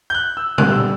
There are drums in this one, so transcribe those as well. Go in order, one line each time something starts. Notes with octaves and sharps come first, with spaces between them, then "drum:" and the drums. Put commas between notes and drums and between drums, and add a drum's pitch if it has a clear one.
G6
F#6
E6
D3 G3 B3 F#6, drum: tom
E6